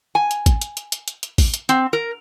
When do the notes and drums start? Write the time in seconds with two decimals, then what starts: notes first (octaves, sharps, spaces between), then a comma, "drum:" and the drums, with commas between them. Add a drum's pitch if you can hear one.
0.15 G#5
0.31 drum: hi-hat
0.46 drum: kick A1, hi-hat
0.61 drum: hi-hat
0.77 drum: hi-hat
0.92 drum: hi-hat
1.08 drum: hi-hat
1.23 drum: hi-hat
1.38 drum: kick A1, open hi-hat
1.54 drum: hi-hat
1.69 C4, drum: hi-hat
1.93 A#4